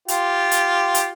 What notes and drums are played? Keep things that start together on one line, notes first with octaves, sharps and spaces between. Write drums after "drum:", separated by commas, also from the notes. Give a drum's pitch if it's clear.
F4 G4, drum: hi-hat
drum: hi-hat
drum: hi-hat